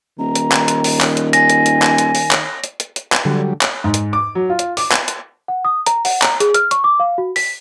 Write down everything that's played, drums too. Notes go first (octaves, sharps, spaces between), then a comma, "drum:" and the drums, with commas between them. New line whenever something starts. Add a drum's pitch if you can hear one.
D#1 D#3 A#5
drum: hi-hat
drum: clap
drum: hi-hat
drum: open hi-hat
drum: clap
drum: hi-hat
G#5 A#6, drum: hi-hat
drum: hi-hat
drum: hi-hat
drum: clap
drum: hi-hat
drum: open hi-hat
drum: clap
drum: hi-hat
drum: hi-hat
drum: hi-hat
drum: clap
D3 F#3 G3
drum: clap
G#2
drum: hi-hat
D6
F#3
F4
drum: hi-hat
D6, drum: open hi-hat
drum: clap
drum: hi-hat
F#5
D#6
A#5, drum: hi-hat
F#5, drum: open hi-hat
A#5, drum: clap
G#4, drum: hi-hat
F6, drum: hi-hat
C#6, drum: hi-hat
D6
F5
F#4
B6, drum: open hi-hat